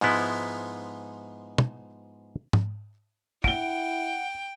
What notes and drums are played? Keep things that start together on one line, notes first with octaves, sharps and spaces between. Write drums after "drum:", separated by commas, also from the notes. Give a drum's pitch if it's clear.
G#2 F3 G#3 B3 E4, drum: open hi-hat
drum: tom
drum: tom
E4 F#5 G5 D7 G7, drum: kick